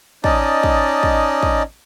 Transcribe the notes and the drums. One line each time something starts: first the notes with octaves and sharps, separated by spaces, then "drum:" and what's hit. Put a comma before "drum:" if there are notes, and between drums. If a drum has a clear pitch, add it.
C#4 D#4 D5 D#5 A5, drum: kick
drum: kick
drum: kick
drum: kick